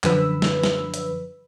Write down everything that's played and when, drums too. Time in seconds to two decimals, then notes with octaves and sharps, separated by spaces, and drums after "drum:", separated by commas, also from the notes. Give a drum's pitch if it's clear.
0.04 F#2 D3 F3 B4 B5 E6, drum: clap
0.42 drum: snare
0.64 drum: snare
0.94 drum: hi-hat